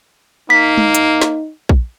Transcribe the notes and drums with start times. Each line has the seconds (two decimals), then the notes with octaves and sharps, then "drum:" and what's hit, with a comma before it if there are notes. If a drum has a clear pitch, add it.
0.50 A#3 D#4 B6
0.78 drum: tom G#3
0.95 drum: hi-hat
1.21 drum: snare
1.69 drum: kick A#1